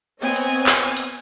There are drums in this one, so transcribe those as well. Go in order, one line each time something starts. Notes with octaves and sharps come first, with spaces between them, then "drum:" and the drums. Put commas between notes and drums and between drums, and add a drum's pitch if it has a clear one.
B3 C4 C#5 D#5 G#5
drum: hi-hat
drum: clap
drum: hi-hat